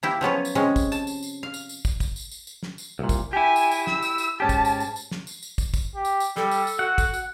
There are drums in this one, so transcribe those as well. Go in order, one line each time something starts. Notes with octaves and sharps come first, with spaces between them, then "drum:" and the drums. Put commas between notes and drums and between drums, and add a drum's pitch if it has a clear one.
A#3 E4 G4
F3 F#3 B3 C#4
drum: tambourine
C3 G#3 C#4
drum: kick, tambourine
A5, drum: tambourine
drum: tambourine
drum: tambourine
F5
drum: tambourine
drum: tambourine
drum: kick, tambourine
drum: kick, tambourine
drum: tambourine
drum: tambourine
drum: tambourine
drum: snare
drum: tambourine
C2 A#2
drum: kick, tambourine
E4 G4 G#5
drum: tambourine
drum: tambourine
E6, drum: snare
drum: tambourine
drum: tambourine
G#2 C#4 G4 A5
drum: kick, tambourine
drum: tambourine
drum: tambourine
drum: tambourine
drum: snare
drum: tambourine
drum: tambourine
drum: kick, tambourine
drum: kick, tambourine
G4
drum: tambourine
drum: tambourine
G3 A4, drum: snare
drum: tambourine
drum: tambourine
F#4 F#5
drum: kick, tambourine
drum: tambourine